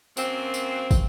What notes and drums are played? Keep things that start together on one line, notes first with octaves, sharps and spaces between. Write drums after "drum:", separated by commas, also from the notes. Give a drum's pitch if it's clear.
F#2 A#3 C4, drum: tambourine
drum: tambourine
drum: kick, tambourine